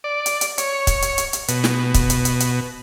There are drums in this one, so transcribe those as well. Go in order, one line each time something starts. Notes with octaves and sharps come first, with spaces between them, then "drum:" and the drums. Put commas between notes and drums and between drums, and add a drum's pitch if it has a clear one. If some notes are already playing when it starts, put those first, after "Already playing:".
D5
drum: hi-hat
drum: hi-hat
C#5, drum: hi-hat
drum: kick C#1, hi-hat
drum: hi-hat
drum: hi-hat
drum: hi-hat
B2, drum: hi-hat
drum: snare
drum: kick C#1, hi-hat
drum: hi-hat
drum: hi-hat
drum: hi-hat